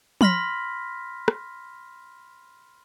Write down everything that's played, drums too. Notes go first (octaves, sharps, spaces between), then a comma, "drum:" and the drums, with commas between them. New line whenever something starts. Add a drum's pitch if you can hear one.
B5 C6 F6 A#6 B6, drum: tom F3
drum: rim click